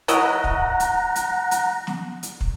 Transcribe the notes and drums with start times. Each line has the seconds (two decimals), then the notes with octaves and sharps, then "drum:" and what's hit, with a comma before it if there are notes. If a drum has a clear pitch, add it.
0.08 F#3 E4 D#5 F#5 A#5, drum: hi-hat
0.44 drum: kick
0.80 drum: hi-hat
1.16 drum: hi-hat
1.51 drum: hi-hat
1.87 drum: snare
2.23 drum: hi-hat
2.41 drum: kick